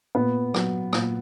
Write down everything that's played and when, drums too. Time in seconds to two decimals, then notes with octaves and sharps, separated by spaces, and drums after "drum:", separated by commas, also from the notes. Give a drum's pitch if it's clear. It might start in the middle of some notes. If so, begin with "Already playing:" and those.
0.15 A#2 B3
0.54 F#3, drum: rim click
0.93 A#2, drum: rim click